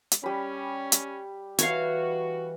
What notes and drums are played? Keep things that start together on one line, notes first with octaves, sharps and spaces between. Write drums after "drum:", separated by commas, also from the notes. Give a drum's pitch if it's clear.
drum: hi-hat
G3 C#4 B5
drum: hi-hat
E3 F#4 C#5 F5, drum: hi-hat